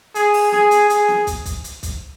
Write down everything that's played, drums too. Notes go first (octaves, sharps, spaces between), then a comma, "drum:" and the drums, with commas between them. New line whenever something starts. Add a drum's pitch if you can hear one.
G#4, drum: hi-hat
drum: open hi-hat
G#4, drum: snare
drum: hi-hat
G#4, drum: hi-hat
drum: snare
drum: kick, hi-hat
drum: kick, hi-hat
drum: hi-hat
drum: kick, hi-hat